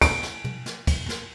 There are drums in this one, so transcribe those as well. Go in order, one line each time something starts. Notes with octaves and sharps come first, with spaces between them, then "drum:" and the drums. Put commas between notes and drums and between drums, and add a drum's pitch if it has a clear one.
D7, drum: kick, cymbal
drum: snare
drum: tom
drum: snare
drum: kick, cymbal
drum: snare